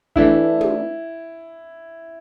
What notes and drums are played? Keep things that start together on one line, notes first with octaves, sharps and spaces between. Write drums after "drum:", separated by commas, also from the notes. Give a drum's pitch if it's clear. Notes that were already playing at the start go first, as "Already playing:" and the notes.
E3 A3 D4 E4, drum: kick
drum: tom